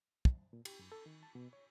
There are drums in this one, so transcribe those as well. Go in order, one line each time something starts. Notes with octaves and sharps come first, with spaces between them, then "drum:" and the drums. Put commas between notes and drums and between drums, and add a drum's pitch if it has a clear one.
drum: kick
A#2
G4, drum: cymbal
F#2
A4
D#3
A5
B2
C#5